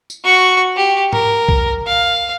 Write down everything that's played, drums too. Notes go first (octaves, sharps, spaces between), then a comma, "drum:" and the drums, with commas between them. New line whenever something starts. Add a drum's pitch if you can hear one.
drum: tambourine
F#4 C#6
G4
A#4, drum: tom G#2
drum: kick B1
F5